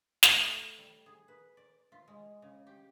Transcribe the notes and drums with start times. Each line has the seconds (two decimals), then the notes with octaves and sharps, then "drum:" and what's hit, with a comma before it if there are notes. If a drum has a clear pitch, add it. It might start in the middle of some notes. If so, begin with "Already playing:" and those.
0.23 A3, drum: snare
0.78 G3
1.06 G#4
1.28 B4
1.57 D5
1.92 F4
2.08 G#3
2.42 C#3
2.67 G4